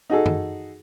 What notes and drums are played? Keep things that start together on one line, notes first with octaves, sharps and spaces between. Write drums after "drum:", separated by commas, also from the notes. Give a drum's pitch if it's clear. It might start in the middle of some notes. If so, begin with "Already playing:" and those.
D#4 F#4 G#4 A4
drum: tom F#2